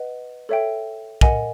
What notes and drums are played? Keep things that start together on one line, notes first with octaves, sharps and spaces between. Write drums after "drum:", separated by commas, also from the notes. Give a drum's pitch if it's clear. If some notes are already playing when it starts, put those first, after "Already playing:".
Already playing: B4 D#5 F#5
A4 C#5 E5 G5
A#4 D#5 F#5 G#5, drum: kick